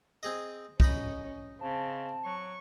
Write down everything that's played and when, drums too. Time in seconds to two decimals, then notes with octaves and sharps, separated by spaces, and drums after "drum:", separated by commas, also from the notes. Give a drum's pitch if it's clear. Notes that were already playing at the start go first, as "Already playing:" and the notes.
0.23 C4 G#4 D#5
0.80 C#4 D#4 D#5 B5, drum: kick
1.61 C#3 C4 A5
2.25 F#3 C#6